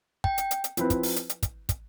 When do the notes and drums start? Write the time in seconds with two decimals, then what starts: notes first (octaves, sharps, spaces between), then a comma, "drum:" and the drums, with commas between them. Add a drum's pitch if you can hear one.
0.24 G5, drum: kick
0.38 drum: hi-hat
0.51 drum: hi-hat
0.64 drum: hi-hat
0.77 F3 C4 E4 B4, drum: hi-hat
0.90 drum: kick, hi-hat
1.03 drum: open hi-hat
1.16 drum: hi-hat
1.29 drum: hi-hat
1.43 drum: kick, hi-hat
1.69 drum: kick, hi-hat